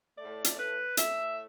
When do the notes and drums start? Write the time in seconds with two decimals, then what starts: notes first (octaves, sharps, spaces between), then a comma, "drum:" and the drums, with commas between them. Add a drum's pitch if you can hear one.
0.18 A2 A3 D5
0.44 drum: hi-hat
0.57 B4
0.97 A2 A3 E5, drum: hi-hat